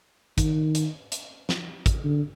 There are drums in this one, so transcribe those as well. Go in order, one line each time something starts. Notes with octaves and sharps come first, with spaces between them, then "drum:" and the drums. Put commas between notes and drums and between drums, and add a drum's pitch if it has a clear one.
D#3, drum: kick, hi-hat
drum: hi-hat
drum: hi-hat
drum: snare
drum: kick, hi-hat
D3